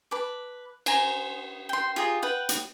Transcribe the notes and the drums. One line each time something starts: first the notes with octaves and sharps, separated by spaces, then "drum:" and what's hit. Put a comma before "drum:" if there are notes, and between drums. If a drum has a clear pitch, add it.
B4 A5 D6
C5 G#5 A#5, drum: cymbal
G5 C6
F4 G4 G#4 A#5
B4 F#5 G5
drum: hi-hat